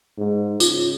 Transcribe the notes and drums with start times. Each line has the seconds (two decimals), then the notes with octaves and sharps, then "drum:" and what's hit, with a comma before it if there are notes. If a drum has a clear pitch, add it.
0.18 G#2
0.60 C#3 F4, drum: tambourine